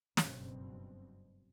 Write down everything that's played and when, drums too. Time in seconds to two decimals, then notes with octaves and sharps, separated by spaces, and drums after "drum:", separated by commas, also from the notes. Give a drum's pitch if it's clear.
0.17 F#1 G2 B2 C4, drum: snare